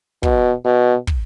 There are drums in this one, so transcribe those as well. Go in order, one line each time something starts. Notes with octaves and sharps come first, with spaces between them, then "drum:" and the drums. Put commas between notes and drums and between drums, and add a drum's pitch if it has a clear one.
B2, drum: kick
B2
drum: kick